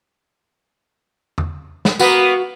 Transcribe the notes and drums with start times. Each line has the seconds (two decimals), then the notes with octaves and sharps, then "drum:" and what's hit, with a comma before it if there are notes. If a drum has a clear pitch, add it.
1.38 drum: tom E2
1.85 drum: snare
1.99 A#3 B3 F#4, drum: tambourine